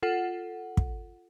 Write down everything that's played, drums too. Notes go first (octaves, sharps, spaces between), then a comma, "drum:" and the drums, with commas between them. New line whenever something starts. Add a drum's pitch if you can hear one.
F4 A4 F#5
drum: kick